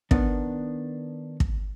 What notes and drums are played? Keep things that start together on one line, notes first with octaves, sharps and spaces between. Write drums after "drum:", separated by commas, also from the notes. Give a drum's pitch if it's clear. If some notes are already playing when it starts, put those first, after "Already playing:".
D#3 B3 D4, drum: kick
drum: kick